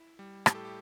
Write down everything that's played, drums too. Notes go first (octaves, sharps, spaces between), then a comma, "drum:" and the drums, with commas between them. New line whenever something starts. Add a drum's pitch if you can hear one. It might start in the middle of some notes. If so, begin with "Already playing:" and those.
Already playing: E4
G3
A2 G4, drum: rim click
A4
G4